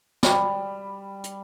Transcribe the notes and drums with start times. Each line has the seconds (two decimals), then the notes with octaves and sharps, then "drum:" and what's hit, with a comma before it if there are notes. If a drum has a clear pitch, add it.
0.23 G3, drum: snare
1.24 drum: hi-hat